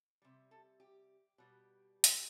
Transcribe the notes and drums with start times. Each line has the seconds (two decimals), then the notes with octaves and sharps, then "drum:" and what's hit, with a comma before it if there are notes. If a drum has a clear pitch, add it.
0.22 C3 G3
0.51 A4
0.80 G4
1.38 B2 G3
2.04 drum: hi-hat